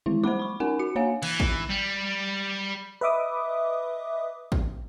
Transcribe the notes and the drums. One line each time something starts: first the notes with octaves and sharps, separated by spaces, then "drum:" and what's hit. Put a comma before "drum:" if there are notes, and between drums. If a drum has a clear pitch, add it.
D#3 E3 G#3 E4
C5 F#5 B5 D6, drum: tom
B5 C#6
C#4 D#4 A#4 F#5 G#5
F#4 C#7
A#3 D4 C#5 F5 F#5 G#5
E3, drum: cymbal
drum: kick
G3
B4 D#5 E5 D6 D#6
drum: kick